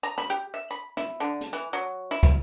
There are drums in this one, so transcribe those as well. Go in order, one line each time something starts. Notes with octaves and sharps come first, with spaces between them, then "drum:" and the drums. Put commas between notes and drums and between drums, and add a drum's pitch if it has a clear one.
A#5
B5, drum: hi-hat
G4
E5
B5
E4, drum: hi-hat
D3
drum: hi-hat
E3
F#3
E4
drum: kick, hi-hat